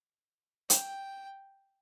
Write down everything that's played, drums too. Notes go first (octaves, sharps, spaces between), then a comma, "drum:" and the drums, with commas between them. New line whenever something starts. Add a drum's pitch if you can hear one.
G5, drum: hi-hat